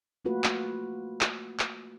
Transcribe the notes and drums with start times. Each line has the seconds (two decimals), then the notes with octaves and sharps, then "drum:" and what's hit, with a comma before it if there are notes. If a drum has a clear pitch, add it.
0.25 A3 A#3 F4 F#4 B4
0.44 drum: clap
1.21 drum: clap
1.59 drum: clap